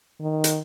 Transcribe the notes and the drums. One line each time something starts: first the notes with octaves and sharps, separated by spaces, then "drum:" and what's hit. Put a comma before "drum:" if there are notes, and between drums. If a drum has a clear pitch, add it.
D#3
drum: hi-hat